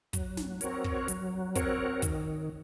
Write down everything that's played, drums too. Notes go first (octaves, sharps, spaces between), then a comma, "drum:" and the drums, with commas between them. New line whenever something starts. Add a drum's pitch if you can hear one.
F#3, drum: kick, hi-hat
drum: snare
C4 F#4 A#4 C#5, drum: hi-hat
drum: kick
F#3, drum: hi-hat
C4 F#4 A#4 C#5, drum: kick, hi-hat
D#3, drum: kick, hi-hat